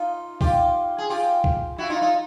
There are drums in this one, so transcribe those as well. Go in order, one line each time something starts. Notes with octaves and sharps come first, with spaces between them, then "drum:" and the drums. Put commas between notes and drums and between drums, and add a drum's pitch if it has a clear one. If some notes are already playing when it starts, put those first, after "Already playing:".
Already playing: D#4 F4
F4 G4, drum: kick C2
G#4
F4 G4
drum: kick C2
E4 F#4
D#4 F4
D#4 F4